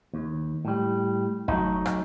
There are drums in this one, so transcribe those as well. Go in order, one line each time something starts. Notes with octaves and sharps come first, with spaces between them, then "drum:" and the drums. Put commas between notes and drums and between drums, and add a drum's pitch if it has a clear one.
D#2
A2 G3
F#3 A3 D#4, drum: kick
drum: rim click